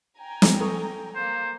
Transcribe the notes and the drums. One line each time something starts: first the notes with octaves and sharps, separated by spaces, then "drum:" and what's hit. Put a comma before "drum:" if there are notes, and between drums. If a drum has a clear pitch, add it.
G5 G#5 A#5
drum: snare
A4 C#6 D#6
A#3 C5